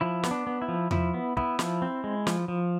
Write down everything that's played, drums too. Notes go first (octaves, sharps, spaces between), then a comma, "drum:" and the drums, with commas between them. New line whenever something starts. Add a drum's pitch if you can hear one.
F3 E4
B3, drum: snare
D4
B3
E4
F3
F3 E4, drum: tom E2
B3
B3 E4, drum: kick
F3, drum: snare
C4
G#3
F3, drum: snare
F3